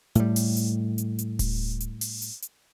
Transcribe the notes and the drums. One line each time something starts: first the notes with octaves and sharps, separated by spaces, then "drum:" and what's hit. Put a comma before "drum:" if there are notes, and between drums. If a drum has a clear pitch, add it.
A2 G3, drum: hi-hat
drum: open hi-hat
drum: hi-hat
drum: hi-hat
drum: hi-hat
drum: kick D1, open hi-hat
drum: hi-hat
drum: open hi-hat
drum: hi-hat
drum: hi-hat